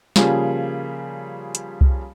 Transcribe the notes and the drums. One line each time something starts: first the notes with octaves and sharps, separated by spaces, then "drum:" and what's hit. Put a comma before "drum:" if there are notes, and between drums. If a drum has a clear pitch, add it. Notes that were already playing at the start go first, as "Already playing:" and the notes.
C#3 F3 G3 A#3 F4 G#4, drum: snare
drum: hi-hat
drum: kick C2